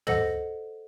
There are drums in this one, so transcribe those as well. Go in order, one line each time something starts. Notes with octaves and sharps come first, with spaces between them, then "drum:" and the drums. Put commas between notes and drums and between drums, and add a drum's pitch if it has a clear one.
A4 C5 D#5 F#5 A#6, drum: tom